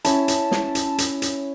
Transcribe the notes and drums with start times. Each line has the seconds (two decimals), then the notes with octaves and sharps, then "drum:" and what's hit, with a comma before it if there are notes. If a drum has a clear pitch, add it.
0.04 C#4 E4 A5, drum: hi-hat
0.28 drum: hi-hat
0.51 drum: snare
0.75 drum: hi-hat
0.98 drum: hi-hat
1.22 drum: hi-hat